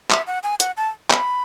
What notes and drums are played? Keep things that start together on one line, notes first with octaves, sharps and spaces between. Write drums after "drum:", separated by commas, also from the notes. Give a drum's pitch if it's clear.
E5, drum: clap
F#5
G#5
F#5, drum: hi-hat
A5
B5, drum: clap